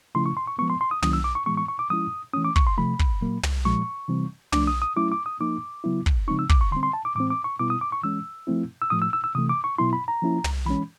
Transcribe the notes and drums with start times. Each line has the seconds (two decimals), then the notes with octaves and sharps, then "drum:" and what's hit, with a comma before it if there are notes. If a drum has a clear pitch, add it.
0.15 C#3 F3 A3 C#4 E4 C6
0.26 C#6
0.37 C6
0.47 C#6
0.59 F3 G#3 B3 C#6
0.70 C6
0.81 C6
0.91 D#6
1.02 D#3 F#3 A#3 C#4 E4 D#6, drum: tom
1.13 E6
1.24 D6
1.35 C#6
1.46 A2 E3 G#3 B3 C#6
1.57 C#6
1.68 C#6
1.79 D6
1.90 F3 G#3 C#4 E4 D#6
2.34 E3 A3 C#4 D#6
2.45 D6
2.56 C#6, drum: kick
2.67 C6
2.78 C3 F3 A3 B5
2.99 drum: kick
3.21 A#2 F#3 A#3
3.43 drum: tom
3.65 A#2 F3 G#3 C#6
4.09 C3 E3 G3 C4
4.52 F3 A3 D4 D6, drum: tom
4.67 D#6
4.82 D#6
4.96 F#3 A3 C#4 E4 D6
5.12 D6
5.26 D#6
5.40 F3 A#3 D#4 D6
5.84 C#3 F#3 B3 E4
6.06 drum: kick
6.27 C#3 F3 G#3 C4 D#4 C#6
6.39 E6
6.50 D6, drum: kick
6.61 C#6
6.71 D3 G3 C4 C6
6.83 C6
6.93 A5
7.05 D6
7.15 A2 E3 G#3 C4 D6
7.30 D6
7.44 C#6
7.59 B2 G3 B3 E4 D6
7.70 D#6
7.81 D6
7.92 C#6
8.03 E3 G#3 C#4 E6
8.47 F3 A3 C4 E4
8.82 E6
8.90 A2 F3 A3 D#6
9.02 E6
9.13 E6
9.24 E6
9.35 C3 E3 A3 D#6
9.49 D6
9.64 C#6
9.78 B2 F#3 B3 E4 C6
9.93 B5
10.08 A#5
10.22 F3 A#3 C#4 E4
10.44 drum: tom
10.66 E3 G#3 C#4 B5